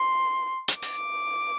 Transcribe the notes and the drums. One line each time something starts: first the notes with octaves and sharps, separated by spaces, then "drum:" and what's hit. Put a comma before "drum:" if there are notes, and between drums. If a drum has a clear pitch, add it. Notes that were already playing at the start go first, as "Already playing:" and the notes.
Already playing: C6
drum: hi-hat
D6, drum: open hi-hat